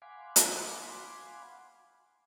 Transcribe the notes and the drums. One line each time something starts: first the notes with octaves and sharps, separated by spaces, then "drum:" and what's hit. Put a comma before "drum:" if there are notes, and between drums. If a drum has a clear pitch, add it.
F5 F#5 G#5 B5 C6 D6
drum: hi-hat